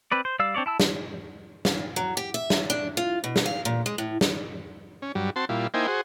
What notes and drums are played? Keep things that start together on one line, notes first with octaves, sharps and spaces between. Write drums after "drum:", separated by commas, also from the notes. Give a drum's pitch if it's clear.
C4 B4 D5
C5
G3 D5 F5 E6
C4 D4 C#5 D5
E4 A5 E6
drum: snare
drum: snare
F#3
G4
E5
drum: snare
D4
F4
B2
drum: snare
F5
A#2
G#3
A2
drum: snare
C#4
G2 F#3 G3
C4 F#4 A5 C6
A#2 G3 E4 F4
A#3 D#4 E4 C5 G5 G#5
F#4 G#4 C5